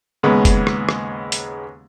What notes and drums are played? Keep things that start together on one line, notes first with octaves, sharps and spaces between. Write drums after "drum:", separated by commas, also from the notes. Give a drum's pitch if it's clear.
D#2 G#2 C#3 G#3 B3 B5
drum: kick F1, hi-hat
drum: rim click
drum: rim click
drum: hi-hat